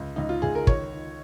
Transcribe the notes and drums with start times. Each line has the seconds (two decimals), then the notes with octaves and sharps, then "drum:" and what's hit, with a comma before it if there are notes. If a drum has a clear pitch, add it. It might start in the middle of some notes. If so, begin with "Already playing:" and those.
Already playing: C#2
0.16 C#2 D#4
0.29 F4
0.42 C#2 G#4
0.55 A#4
0.67 D#3 C#5, drum: kick
0.93 D#3